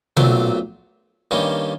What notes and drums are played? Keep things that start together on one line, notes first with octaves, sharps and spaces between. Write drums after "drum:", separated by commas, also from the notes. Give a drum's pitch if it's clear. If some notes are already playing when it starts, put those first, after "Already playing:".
B1 A#2 F#3 A3 C4, drum: tom B2
G2 D#3 G3 A#3 C#4